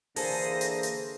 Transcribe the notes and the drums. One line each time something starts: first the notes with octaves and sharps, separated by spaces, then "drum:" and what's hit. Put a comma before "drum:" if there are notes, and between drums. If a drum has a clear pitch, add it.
D3 E3 A#3 G#4 A4 C5 A#6, drum: open hi-hat
drum: hi-hat
drum: hi-hat